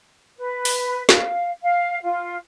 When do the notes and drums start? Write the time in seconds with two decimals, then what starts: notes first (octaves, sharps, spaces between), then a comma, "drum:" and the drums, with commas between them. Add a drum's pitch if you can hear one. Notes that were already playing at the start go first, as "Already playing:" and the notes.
0.37 B4
0.65 drum: open hi-hat
1.09 F5, drum: snare
1.62 F5
2.02 F4